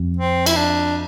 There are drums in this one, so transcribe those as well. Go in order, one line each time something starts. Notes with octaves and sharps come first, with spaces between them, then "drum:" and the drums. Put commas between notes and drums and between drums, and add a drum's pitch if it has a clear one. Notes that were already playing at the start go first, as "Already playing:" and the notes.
Already playing: F2
C4
E4, drum: cymbal
D4